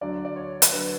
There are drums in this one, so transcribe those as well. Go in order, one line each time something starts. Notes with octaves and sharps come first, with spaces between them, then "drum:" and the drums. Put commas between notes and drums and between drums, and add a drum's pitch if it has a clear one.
D2 D3 F#3 D5
D5
C#5
drum: hi-hat
D2 D3 F#3 B4